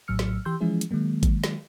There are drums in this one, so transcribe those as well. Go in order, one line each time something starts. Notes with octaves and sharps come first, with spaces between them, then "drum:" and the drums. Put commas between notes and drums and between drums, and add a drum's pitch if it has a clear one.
A#1 A2 F#3 E6 F6 C#7
drum: snare
E3 G4 C6 E6 G6
E3 F3 G#3 C#4 E4 G#4
drum: hi-hat
D#3 F#3 G#3 A#3
drum: kick G#1, hi-hat
drum: snare